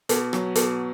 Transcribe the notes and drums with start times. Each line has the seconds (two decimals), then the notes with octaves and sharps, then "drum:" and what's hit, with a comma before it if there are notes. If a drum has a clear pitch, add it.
0.09 B2, drum: hi-hat
0.33 F#3, drum: rim click
0.55 B2, drum: hi-hat